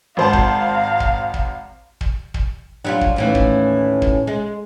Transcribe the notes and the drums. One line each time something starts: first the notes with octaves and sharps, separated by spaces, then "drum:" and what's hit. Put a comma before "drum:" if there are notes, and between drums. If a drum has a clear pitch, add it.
G#1 C5 F5 A5 A#5
drum: kick
drum: kick
drum: kick
drum: kick
drum: kick
F#3 G3 D4 F4
drum: kick
D#2 A2 E3 C#4
drum: kick
drum: kick
G#3